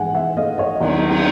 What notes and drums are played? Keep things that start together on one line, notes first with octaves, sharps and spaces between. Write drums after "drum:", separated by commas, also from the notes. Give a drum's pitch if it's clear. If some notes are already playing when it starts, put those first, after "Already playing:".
Already playing: A1 G#2 E3 F#5 G#5
E5 F#5
A3 D#5 F5
C#5 D#5
D#5
D#2 D5, drum: cymbal
drum: cymbal